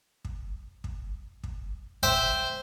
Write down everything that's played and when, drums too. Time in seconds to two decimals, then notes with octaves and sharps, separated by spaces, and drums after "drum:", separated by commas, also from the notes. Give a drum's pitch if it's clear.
0.25 drum: kick
0.84 drum: kick
1.44 drum: kick
2.03 C5 E5 G5, drum: kick